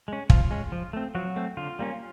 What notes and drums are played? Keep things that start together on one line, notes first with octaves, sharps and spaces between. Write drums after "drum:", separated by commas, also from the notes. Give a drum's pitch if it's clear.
G#3 C#4
F3 F4, drum: kick
G#3 C#4
F3
A3 C4
F3 F#3 F#4
A3 C4
D3 F4
G3 A#3 C#4